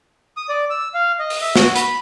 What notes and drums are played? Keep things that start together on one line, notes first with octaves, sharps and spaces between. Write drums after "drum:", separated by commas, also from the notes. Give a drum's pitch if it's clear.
D#6
D5
E6
F5
D#5
drum: open hi-hat
E5
F#4, drum: snare
B5, drum: hi-hat